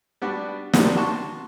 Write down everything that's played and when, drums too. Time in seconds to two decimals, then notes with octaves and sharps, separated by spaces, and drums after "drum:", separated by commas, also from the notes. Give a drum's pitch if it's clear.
0.22 G3 B3 D4 F#4
0.74 C3 D#3 F#3 A#3 B3 D4, drum: snare
0.97 F#4 A5 C6 C#6